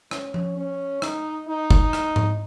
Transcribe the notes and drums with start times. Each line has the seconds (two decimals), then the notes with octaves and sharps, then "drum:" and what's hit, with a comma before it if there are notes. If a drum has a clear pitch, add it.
0.11 C#4, drum: rim click
0.34 drum: tom F3
0.57 C#4
1.02 D#4, drum: rim click
1.48 D#4
1.70 drum: kick
1.93 drum: rim click
2.16 drum: tom G#2